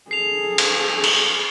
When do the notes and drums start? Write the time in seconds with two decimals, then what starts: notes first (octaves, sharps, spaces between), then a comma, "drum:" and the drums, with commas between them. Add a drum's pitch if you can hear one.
0.11 G#4 A4 C7 F7
0.58 drum: cymbal
1.04 drum: cymbal